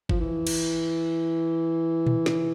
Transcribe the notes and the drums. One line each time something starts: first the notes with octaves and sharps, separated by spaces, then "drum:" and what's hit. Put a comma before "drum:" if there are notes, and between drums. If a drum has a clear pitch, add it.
F3, drum: kick
E3
drum: cymbal
drum: tom A#2
drum: snare